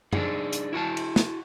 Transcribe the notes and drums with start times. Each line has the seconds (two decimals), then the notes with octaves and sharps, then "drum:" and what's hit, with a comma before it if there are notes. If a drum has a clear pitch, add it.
0.13 D4 D#4 G#4, drum: tom F#2
0.53 drum: hi-hat
0.73 E4 F#4 F#5 A5
0.97 drum: cymbal
1.16 drum: snare